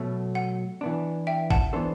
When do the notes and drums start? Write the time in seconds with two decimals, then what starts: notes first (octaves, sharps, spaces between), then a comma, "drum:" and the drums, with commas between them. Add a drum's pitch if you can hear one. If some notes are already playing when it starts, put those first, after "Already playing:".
Already playing: B2 F#3 A3
0.35 F#5
0.81 E3 B3 D4
1.27 E5 G5
1.51 F#5 A5, drum: kick
1.73 E3 B3 D4 A4 C5